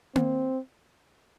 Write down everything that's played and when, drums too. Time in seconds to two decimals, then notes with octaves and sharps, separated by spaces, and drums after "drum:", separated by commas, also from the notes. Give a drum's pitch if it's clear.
0.16 C4, drum: tom A#3